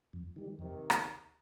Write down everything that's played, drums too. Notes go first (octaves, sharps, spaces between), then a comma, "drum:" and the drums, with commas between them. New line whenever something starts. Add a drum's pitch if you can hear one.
F2
D#3 G3
F2 C3 D#3
drum: rim click